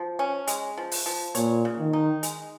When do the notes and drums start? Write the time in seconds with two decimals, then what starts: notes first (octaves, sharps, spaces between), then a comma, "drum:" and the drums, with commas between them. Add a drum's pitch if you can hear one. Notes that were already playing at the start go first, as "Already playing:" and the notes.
Already playing: F3
0.19 C#4
0.47 G#3, drum: hi-hat
0.78 F3
0.91 drum: open hi-hat
1.06 F3
1.35 A#2 C#5, drum: hi-hat
1.65 C#3
1.79 D#3
1.93 D#4
2.23 G#3, drum: hi-hat